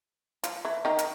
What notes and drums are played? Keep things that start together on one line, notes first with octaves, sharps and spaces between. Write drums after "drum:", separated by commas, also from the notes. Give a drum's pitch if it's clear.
F3 F4, drum: hi-hat
E3 E4
D#3 D#4
drum: hi-hat